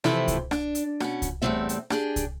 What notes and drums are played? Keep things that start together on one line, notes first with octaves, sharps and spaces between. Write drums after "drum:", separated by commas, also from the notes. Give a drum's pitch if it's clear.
C3 E3 F3 A3 C4 E4, drum: rim click
drum: kick C2, hi-hat
D4, drum: rim click
drum: hi-hat
B2 C#4, drum: rim click
drum: kick C2, hi-hat
E2 A2 C#3 G3 C4 E5
drum: hi-hat
D4 G4 G#4, drum: rim click
drum: kick C2, hi-hat